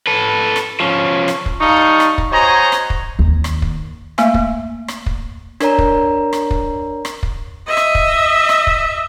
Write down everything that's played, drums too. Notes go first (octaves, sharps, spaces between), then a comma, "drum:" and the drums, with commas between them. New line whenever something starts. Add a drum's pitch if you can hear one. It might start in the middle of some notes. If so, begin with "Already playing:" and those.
A4 B4
drum: rim click
F3 C#4
drum: rim click
drum: kick
G3 D#4 F5 A5 C#6
drum: rim click
drum: kick
F#4 C5 C#5 D#5 G#5 A#5
drum: rim click
drum: kick
D#2
drum: rim click
drum: kick
A3 A#3 E5 G#5, drum: rim click
drum: kick
drum: rim click
drum: kick
D4 A#4 C#5 A#5, drum: rim click
drum: kick
drum: rim click
drum: kick
drum: rim click
drum: kick
D#5 E5
drum: rim click
drum: kick
drum: rim click
drum: kick